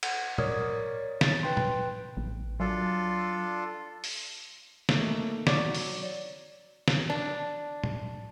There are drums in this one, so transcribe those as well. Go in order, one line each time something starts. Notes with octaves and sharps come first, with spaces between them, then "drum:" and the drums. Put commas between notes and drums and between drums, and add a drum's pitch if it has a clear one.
F#5, drum: cymbal
A#4 C#5 D5 D#6, drum: tom
A6, drum: snare
B4 G5 C6
drum: tom
A1
F#3 D4 F4 A4
drum: open hi-hat
A3 A#3 D#4, drum: snare
F#3 C#5 D5, drum: snare
drum: open hi-hat
drum: snare
D4
drum: tom